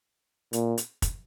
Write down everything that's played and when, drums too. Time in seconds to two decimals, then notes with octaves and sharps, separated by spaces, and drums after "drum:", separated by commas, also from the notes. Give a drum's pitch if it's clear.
0.53 A#2, drum: hi-hat
0.78 drum: hi-hat
1.02 drum: kick, hi-hat